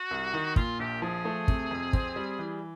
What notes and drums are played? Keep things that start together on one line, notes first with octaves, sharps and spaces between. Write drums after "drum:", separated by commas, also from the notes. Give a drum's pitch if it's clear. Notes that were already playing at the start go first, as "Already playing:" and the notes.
Already playing: F#4
C2
D#3
A#2 F4, drum: kick
A#1 G4
F3 G#4
A3
C3, drum: kick
F2
C4, drum: kick
G3
E3